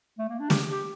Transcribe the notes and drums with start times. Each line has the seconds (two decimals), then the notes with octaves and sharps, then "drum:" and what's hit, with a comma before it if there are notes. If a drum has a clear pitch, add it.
0.18 A3
0.29 A#3
0.39 D4
0.50 G4, drum: snare
0.71 G4